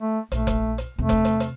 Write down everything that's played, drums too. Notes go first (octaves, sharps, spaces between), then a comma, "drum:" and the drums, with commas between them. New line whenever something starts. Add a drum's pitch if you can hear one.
A3
A#1 A3, drum: hi-hat
drum: kick F1, hi-hat
drum: hi-hat
E2 C3 A3
drum: kick F1, hi-hat
drum: hi-hat
drum: hi-hat